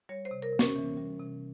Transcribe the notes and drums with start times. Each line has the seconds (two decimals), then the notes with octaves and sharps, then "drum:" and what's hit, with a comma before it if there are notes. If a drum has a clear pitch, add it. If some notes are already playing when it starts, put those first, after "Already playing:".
0.09 G3 C#5
0.25 C5
0.31 C3
0.42 A#4
0.53 C3
0.59 C#4, drum: snare
0.76 E3
0.97 G3
1.19 C3